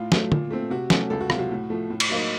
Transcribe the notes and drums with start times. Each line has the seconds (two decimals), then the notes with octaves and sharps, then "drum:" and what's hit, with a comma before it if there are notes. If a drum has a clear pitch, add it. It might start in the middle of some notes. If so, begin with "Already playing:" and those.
Already playing: A2 F4
0.12 F#3 A3, drum: snare
0.32 A#2, drum: tom D3
0.51 A3 C4
0.70 C3 F#4
0.90 F#3 A3 C#4 F#4, drum: snare
1.10 C#2 A4
1.21 F#4
1.30 C3 F#3 F4, drum: rim click
1.39 F#4
1.51 A2
1.70 F3 A3
1.90 A2
2.00 drum: cymbal
2.10 F#3 A#3 D#4